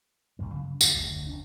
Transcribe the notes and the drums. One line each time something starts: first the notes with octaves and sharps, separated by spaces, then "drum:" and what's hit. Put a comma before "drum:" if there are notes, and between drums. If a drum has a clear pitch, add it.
A1 G2 G3 A#3
C#3 F#3
D2 G2 D#3 F3, drum: tambourine
F1 D2
F1 C#4 D4